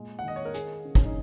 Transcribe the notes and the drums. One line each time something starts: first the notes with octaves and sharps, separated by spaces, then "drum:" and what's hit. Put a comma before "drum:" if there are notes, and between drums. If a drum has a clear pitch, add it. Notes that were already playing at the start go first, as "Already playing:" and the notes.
Already playing: A#2 G#3
F#5
D#3 D#5
C#5
A#4
A#3 G#4, drum: hi-hat
C#3
C#4, drum: kick, hi-hat
D#4